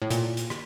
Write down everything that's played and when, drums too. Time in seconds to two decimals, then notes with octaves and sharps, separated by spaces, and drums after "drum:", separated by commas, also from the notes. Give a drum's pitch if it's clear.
0.02 A2
0.10 A#2, drum: hi-hat
0.37 drum: hi-hat
0.50 drum: rim click